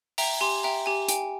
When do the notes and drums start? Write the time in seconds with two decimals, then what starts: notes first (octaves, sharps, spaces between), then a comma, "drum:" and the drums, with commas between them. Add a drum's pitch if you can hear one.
0.18 E5 G5 A#5, drum: open hi-hat
0.40 G4 G#5 C6
0.63 E5 G5 A#5
0.86 G4 G#5
1.09 G5 G#5, drum: hi-hat